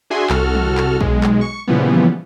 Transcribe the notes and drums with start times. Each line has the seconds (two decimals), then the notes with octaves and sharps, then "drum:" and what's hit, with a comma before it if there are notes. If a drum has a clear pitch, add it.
0.10 D4 F#4 G#4 E5 G#5 C6
0.30 C2 F#4 A4 F6, drum: clap
0.55 drum: tom
0.78 drum: clap
1.00 B1 G#3, drum: kick
1.23 drum: clap
1.41 C#6
1.67 A#2 C#3 E3 F3 G3 B3